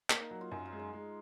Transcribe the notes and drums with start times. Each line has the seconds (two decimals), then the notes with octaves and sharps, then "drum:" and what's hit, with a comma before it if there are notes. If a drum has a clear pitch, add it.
0.10 A#3, drum: clap
0.20 D#4
0.31 F#3
0.41 F4
0.51 F#2 D#4
0.65 F4
0.72 G#3
0.79 D#4
0.93 G#3